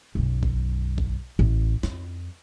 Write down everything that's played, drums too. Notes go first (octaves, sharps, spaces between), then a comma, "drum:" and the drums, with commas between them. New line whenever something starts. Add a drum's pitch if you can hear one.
B1 F#2
drum: kick G#1
drum: kick G#1
A1
F2, drum: snare